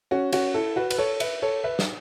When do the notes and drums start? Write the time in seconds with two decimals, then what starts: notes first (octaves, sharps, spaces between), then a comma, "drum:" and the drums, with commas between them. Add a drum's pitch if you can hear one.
0.11 C#4 F#4
0.33 C#4 F#4, drum: cymbal
0.54 E4 A4
0.76 F#4 B4
0.91 B4, drum: cymbal
0.98 A4 C#5
1.20 B4 E5, drum: cymbal
1.42 A4 C#5
1.64 B4 E5
1.79 drum: snare